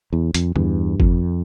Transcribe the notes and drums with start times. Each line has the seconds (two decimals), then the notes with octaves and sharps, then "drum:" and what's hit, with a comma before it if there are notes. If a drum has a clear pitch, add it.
0.13 E2
0.34 F2, drum: hi-hat
0.56 E2 G2, drum: tom
1.00 F2, drum: kick G1